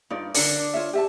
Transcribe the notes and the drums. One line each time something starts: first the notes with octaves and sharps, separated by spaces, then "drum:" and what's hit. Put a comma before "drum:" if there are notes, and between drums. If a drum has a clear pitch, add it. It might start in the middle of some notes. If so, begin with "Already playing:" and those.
G2 D#4 F4 D5
D3 D4 A#4 D5, drum: open hi-hat
F4 C#5 E5
G4 E5 A5